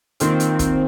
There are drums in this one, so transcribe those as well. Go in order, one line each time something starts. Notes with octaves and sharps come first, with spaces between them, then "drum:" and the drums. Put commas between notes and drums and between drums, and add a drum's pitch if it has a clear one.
D#3 A#3 C4 F4, drum: hi-hat
drum: hi-hat
drum: kick, hi-hat